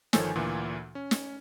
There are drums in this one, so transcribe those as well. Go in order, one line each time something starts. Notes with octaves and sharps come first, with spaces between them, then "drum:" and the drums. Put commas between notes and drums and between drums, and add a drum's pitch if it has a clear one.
G1 D#3 F3 A4 C#5 G#5, drum: snare
D2 A#2 E3
C#4
drum: snare